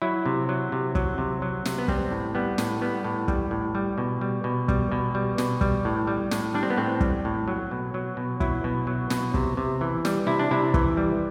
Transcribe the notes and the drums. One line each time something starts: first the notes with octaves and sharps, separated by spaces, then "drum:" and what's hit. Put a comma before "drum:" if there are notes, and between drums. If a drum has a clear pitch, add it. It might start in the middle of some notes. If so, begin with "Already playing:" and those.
F#3 E4
C3
F#3
C3
F#3, drum: kick
C3
F#3
C3, drum: snare
B3
G3 C4, drum: kick
A2
G3 B3
A2, drum: snare
G3 B3
A2
G3, drum: kick
A2
G3
B2
G3
B2
G3, drum: kick
B2
G3
B2, drum: snare
G3, drum: kick
A2
G3
A2, drum: snare
G3 D4
C4
B3
A2 C4
G3, drum: kick
A2
F#3
B2
F#3
B2
F#3 E4, drum: kick
B2
F#3
B2, drum: snare
C3, drum: kick
C3
E3
G3, drum: snare
C3 E4
D4
C3 E4
E3, drum: kick
G3